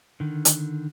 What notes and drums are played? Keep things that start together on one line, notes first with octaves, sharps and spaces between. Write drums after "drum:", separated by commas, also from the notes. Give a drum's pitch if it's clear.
D3 D#3
drum: hi-hat